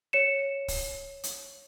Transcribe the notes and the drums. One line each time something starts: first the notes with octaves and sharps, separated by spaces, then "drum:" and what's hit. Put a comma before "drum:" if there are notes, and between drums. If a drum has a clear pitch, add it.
C#5 C#7 E7
drum: kick, open hi-hat
drum: hi-hat